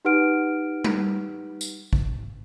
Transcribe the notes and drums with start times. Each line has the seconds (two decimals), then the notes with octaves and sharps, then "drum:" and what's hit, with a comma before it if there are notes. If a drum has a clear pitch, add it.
0.05 D#4 G4 B4 F#5 F6 D7
0.84 drum: tom G3
1.61 drum: tambourine
1.93 drum: kick